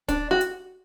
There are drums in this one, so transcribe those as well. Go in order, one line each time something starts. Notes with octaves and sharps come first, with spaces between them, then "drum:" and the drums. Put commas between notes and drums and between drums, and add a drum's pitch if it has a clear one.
D4, drum: kick, hi-hat
F#4
drum: hi-hat